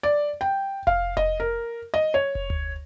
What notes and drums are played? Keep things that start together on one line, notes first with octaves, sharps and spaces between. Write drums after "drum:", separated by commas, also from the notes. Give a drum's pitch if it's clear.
D5
G5
F5, drum: kick F1
D#5, drum: kick F1
A#4
D#5
C#5
drum: kick F1
drum: tom D2